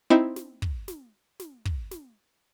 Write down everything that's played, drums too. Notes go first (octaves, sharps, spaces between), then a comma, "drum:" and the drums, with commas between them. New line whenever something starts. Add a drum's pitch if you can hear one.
C4 D#4 E4
drum: snare
drum: kick
drum: snare
drum: snare
drum: kick
drum: snare